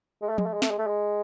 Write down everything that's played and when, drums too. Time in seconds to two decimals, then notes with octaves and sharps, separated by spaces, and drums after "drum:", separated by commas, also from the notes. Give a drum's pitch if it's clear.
0.22 G#3
0.29 A3
0.38 G#3, drum: tom F3
0.46 A3
0.53 G#3
0.62 A3, drum: snare
0.70 G#3
0.78 A3
0.87 G#3